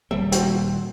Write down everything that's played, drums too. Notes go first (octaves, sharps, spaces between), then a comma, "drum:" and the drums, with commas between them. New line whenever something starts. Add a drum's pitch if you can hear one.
D#1 G3 A#3 E5
C4 F#4, drum: hi-hat